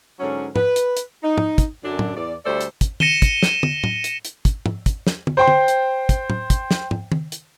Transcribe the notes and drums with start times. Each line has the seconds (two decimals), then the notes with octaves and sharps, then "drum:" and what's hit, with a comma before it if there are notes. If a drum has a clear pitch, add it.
0.20 G#2 D3 F#3 C#4
0.56 B4, drum: tom
0.76 drum: hi-hat
0.97 drum: hi-hat
1.23 D#4
1.38 drum: tom
1.58 drum: kick, hi-hat
1.84 F#2 D3 D4
1.99 drum: tom
2.16 E2 D5
2.46 D2 G3 A3 A4 C5 D5
2.61 drum: hi-hat
2.81 drum: kick, hi-hat
3.00 A#6 C#7 D#7 E7 G7, drum: tom
3.22 drum: kick, hi-hat
3.43 drum: snare
3.63 drum: tom
3.84 drum: tom
4.04 drum: hi-hat
4.25 drum: hi-hat
4.45 drum: kick, hi-hat
4.66 drum: tom
4.86 drum: kick, hi-hat
5.07 drum: snare
5.27 drum: tom
5.37 C5 G5 C6
5.48 drum: tom
5.68 drum: hi-hat
6.09 drum: kick, hi-hat
6.30 drum: tom
6.50 drum: kick, hi-hat
6.71 drum: snare
6.91 drum: tom
7.12 drum: tom
7.32 drum: hi-hat